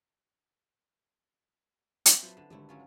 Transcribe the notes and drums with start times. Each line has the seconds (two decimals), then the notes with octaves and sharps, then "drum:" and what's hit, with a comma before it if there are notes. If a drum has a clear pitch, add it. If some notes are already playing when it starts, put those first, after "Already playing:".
2.06 C4 E4, drum: hi-hat
2.23 F#3 F4 B4 C5 A5
2.37 D3 E7
2.50 G#1 D3 G3 A3 E4
2.69 F#3 C#4 F4